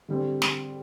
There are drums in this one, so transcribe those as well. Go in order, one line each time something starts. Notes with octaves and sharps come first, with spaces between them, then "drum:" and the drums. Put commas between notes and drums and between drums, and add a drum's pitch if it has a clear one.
D3 G3 C4
drum: snare